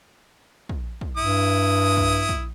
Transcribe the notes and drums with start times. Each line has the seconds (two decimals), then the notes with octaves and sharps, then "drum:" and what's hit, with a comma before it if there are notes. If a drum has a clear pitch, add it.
0.69 drum: kick
1.01 drum: kick
1.17 G2 E4 D#6
1.97 drum: kick
2.29 drum: kick